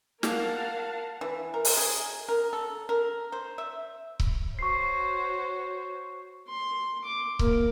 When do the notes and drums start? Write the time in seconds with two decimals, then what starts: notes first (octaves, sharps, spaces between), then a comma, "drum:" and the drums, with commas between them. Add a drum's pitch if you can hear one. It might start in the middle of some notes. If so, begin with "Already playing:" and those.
0.23 A#4 F5 F#5 A5, drum: snare
1.21 E3
1.54 A#4
1.65 drum: open hi-hat
1.77 G#4
2.29 A#4
2.53 A4
2.89 A#4
3.32 C5
3.58 E5
4.20 drum: kick C#1
4.59 F#4 C5 C#5 C#6 C7
6.48 C6
7.04 D6
7.39 A#3, drum: kick C#1